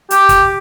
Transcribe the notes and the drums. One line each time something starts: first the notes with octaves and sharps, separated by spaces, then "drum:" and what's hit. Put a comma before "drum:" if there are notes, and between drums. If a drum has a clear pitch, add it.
G4, drum: hi-hat
drum: kick, hi-hat